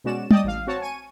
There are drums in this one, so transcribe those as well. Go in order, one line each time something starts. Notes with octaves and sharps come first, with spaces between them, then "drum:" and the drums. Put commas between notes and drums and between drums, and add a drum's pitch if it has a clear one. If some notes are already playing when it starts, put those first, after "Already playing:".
B2 G#3 C#4 F#4 D5 E7
D5 D#5 G5 A5 D#6, drum: tom G3
A1 F5
C4 F#4 C#5 A5
G#5 C#6 D#7